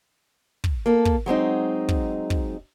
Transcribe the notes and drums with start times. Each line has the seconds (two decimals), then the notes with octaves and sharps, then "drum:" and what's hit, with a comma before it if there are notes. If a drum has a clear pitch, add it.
0.64 drum: kick
0.86 A#3 A4
1.05 drum: kick
1.26 F#3 G#3 C4 D#4
1.89 drum: kick
2.30 drum: kick